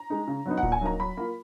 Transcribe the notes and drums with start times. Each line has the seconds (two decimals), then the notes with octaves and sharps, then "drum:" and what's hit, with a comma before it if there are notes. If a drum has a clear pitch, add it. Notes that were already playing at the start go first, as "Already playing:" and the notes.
Already playing: A#5
0.10 G#3 D#4
0.28 C#3
0.46 F#3 B3 D#4
0.58 F#5
0.63 A#2, drum: kick D1
0.72 G#5
0.81 F#3 A#3 D#4 A#5
0.99 F#3 B5
1.17 A#3 F4